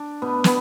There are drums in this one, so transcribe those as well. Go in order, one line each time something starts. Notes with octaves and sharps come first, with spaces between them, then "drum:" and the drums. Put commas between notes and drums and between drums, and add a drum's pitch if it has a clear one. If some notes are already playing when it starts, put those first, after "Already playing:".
Already playing: D4
B2 B3
B3, drum: snare